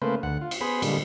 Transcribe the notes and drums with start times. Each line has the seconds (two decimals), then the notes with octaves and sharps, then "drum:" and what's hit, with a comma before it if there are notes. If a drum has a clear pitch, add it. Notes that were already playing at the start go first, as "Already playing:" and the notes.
0.02 C#3 A3 A#3 B4 C5
0.23 D2 F#5
0.41 F4
0.51 drum: cymbal
0.61 B3 G#4 C5 B5
0.82 A#2 D3 G3 G#3, drum: cymbal